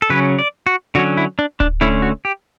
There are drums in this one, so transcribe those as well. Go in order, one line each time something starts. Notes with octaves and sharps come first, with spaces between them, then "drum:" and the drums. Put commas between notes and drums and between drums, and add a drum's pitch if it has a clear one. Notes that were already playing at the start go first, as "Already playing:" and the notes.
A4
C#3 F#3 C#4 B4
D5
F#4
D3 F#3 C#4 F#4
E4
D4
D4, drum: kick D1
D3 A3 C#4 E4
F#4
G4